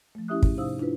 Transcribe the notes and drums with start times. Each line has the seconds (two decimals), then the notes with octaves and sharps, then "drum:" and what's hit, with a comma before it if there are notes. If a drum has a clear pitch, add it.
0.15 F3 A3
0.28 C#4 E4 G4 E5 D#6 F#6
0.43 G#2, drum: kick
0.57 C3 D#4 C5 F5 D#6 E6
0.79 D4 E4 F4 B4